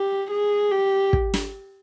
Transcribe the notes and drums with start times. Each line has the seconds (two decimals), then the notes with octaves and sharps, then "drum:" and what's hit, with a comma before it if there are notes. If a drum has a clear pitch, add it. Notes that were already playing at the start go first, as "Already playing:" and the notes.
Already playing: G4
0.31 G#4
0.71 G4
1.13 drum: kick
1.34 drum: snare